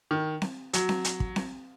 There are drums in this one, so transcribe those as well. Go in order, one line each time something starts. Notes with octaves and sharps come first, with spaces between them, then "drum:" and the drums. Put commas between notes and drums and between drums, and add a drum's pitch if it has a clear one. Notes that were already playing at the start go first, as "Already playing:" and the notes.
D#3
drum: snare C4
F#3, drum: hi-hat
drum: snare C4
drum: hi-hat
drum: kick
drum: snare C4